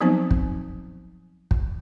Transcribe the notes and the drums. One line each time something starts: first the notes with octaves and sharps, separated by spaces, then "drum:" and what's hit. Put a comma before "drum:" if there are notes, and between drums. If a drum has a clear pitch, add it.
F3 F#3 B3 C4 D#4 C5
drum: kick
drum: kick